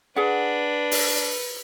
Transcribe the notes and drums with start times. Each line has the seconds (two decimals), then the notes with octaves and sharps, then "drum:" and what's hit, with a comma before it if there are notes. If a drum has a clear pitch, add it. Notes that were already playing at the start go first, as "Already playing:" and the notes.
0.16 D4 G#4 B4 F#5
0.91 drum: open hi-hat